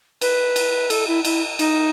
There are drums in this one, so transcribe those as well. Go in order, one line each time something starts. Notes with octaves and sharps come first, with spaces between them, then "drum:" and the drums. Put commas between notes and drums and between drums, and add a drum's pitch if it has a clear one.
B4, drum: cymbal
drum: cymbal
A4, drum: cymbal
E4
E4, drum: cymbal
D#4, drum: cymbal